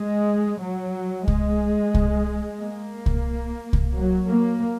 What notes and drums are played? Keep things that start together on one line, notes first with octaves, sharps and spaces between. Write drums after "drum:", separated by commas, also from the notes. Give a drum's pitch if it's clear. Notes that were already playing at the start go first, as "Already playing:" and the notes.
Already playing: G#3
F#3
G#3, drum: kick C2
drum: kick C2
A#3
drum: kick C2
drum: kick C2
F#3
A#3